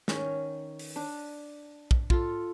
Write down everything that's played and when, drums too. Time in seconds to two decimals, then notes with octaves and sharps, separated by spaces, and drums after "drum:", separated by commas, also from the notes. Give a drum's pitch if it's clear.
0.08 D#3 C#4, drum: snare
0.79 drum: open hi-hat
0.96 D4
1.91 drum: kick
2.10 F4 A4, drum: kick